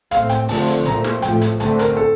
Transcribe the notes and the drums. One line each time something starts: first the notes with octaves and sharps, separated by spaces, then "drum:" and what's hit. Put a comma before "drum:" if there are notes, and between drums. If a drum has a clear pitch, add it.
A2 A3 C4 F5, drum: hi-hat
G5, drum: hi-hat
D3 F3 A3 C4 A5, drum: open hi-hat
drum: hi-hat
A#2 F3 A3 C4 A#5, drum: hi-hat
drum: snare
A2 F3 A3 G5, drum: hi-hat
drum: hi-hat
D3 A3 C4 A5, drum: hi-hat
A#4, drum: hi-hat
A4